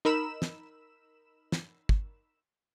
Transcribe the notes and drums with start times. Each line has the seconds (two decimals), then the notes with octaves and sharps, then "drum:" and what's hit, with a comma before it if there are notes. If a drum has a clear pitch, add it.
0.05 D#4 A#4 B5 E6 E7
0.42 drum: snare
1.52 drum: snare
1.89 drum: kick